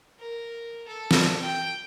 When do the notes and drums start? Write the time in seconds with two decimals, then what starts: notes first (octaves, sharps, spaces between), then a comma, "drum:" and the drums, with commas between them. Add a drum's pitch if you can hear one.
0.19 A#4
0.88 A4
1.11 drum: snare
1.41 G5